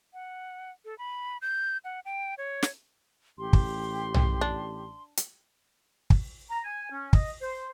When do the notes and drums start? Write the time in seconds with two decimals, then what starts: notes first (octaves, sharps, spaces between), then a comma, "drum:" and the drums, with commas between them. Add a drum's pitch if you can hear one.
0.14 F#5
0.85 A4
0.98 B5
1.42 G6
1.84 F#5
2.05 G5
2.38 C#5
2.63 drum: snare
3.38 A1 G4 C6
3.53 drum: kick
4.14 drum: tom B1
4.41 D4
5.17 drum: hi-hat
6.10 drum: kick
6.50 A#5
6.64 G#5
6.91 C#4
7.13 D#5, drum: kick
7.41 C5